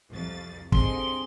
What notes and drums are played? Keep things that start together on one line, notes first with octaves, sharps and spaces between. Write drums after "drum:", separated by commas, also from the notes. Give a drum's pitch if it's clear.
C2 F2 A6
D3 G3 C4 D#4 G#4 C6, drum: kick